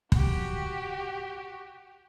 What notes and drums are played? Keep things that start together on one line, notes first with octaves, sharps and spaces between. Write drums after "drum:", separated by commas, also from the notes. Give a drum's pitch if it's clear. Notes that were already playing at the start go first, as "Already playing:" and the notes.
F#4 G4, drum: kick